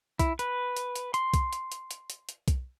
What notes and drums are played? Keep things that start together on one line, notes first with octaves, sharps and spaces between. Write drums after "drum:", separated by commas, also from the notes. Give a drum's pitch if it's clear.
E4, drum: kick B1, hi-hat
B4, drum: hi-hat
drum: hi-hat
drum: hi-hat
C6, drum: hi-hat
drum: kick B1, hi-hat
drum: hi-hat
drum: hi-hat
drum: hi-hat
drum: hi-hat
drum: hi-hat
drum: kick B1, hi-hat